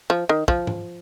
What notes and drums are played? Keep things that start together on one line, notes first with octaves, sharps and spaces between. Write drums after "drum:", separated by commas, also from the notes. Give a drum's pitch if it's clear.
F3
D#3
F3, drum: kick
drum: tom G#2